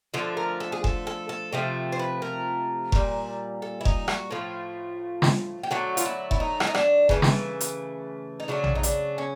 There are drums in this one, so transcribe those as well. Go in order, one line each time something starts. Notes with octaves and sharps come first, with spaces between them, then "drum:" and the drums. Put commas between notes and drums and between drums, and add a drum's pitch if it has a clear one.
D3 F3 A3 A4
A#4
A4
G#4
A4, drum: kick F1
A4
A4
C3 F3 A3
C5
B4
A#4
A#2 G3, drum: kick F1
A4
E4
D#4, drum: kick F1
F#4, drum: rim click
A2 F3 A3 F4
drum: snare
G4
D3 F#3 A3 F#4
F4, drum: hi-hat
E4
E4, drum: kick F1
D#4
E4, drum: rim click
D#4
D4, drum: rim click
C#3 E3 A3 C#4, drum: kick F1
drum: snare
drum: hi-hat
D#4
C#3 F#3 A3 D4
drum: tom A#1
D#4
D4, drum: hi-hat
C#4